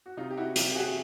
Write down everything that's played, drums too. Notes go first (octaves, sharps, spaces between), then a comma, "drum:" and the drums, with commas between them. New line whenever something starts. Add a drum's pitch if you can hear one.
F#4
C3 D#4 F4
G4
E4 F#4
C3 F4 G4, drum: hi-hat
G4
F#4 G#4